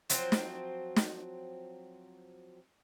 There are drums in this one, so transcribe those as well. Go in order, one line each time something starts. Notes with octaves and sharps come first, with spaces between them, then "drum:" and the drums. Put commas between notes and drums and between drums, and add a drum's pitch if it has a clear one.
F3 F#3 C4 C5, drum: hi-hat
drum: snare
drum: snare